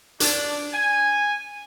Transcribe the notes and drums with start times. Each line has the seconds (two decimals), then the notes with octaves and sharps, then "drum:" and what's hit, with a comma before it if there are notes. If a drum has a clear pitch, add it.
0.20 D4, drum: hi-hat
0.73 G#5